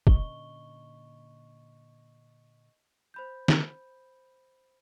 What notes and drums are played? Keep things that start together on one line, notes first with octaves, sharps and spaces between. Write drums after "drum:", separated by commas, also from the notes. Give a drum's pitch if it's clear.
A#2 D3 C#4 D#5 C#6 G7, drum: kick
C5 B5 G6
drum: snare